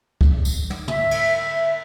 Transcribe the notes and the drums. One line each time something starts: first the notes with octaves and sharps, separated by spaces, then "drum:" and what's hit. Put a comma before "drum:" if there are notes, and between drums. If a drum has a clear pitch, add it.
drum: kick
drum: tambourine
drum: tom
E5, drum: tom
drum: cymbal